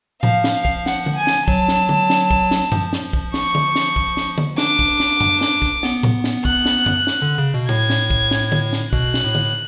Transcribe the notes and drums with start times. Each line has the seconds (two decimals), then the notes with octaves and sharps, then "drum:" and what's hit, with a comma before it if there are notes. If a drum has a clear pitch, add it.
0.23 F3 F5, drum: tom A2
0.44 drum: snare
0.65 drum: kick
0.86 F#5, drum: snare
1.06 drum: tom D3
1.17 G#5
1.27 drum: snare
1.48 F#3 A5, drum: kick
1.68 drum: snare
1.89 drum: tom D3
2.10 drum: snare
2.31 drum: kick
2.51 drum: snare
2.72 F3, drum: tom F#2
2.93 drum: snare
3.13 drum: kick
3.34 C#6, drum: snare
3.55 drum: tom D3
3.76 drum: snare
3.96 drum: kick
4.17 drum: snare
4.38 drum: tom D3
4.58 D4 D6, drum: snare
4.79 drum: kick
5.00 drum: snare
5.21 drum: tom F#2
5.41 drum: snare
5.62 drum: kick
5.83 B3, drum: snare
6.03 drum: tom A2
6.24 drum: snare
6.45 F#6, drum: kick
6.65 drum: snare
6.86 drum: tom F#2
7.07 drum: snare
7.22 D3
7.38 C#3
7.54 B2
7.69 A2 G#6, drum: tom A2
7.90 drum: snare
8.10 drum: kick
8.31 drum: snare
8.52 drum: tom D3
8.73 drum: snare
8.93 B2 F#6, drum: kick
9.14 drum: snare
9.24 A2
9.35 drum: tom D3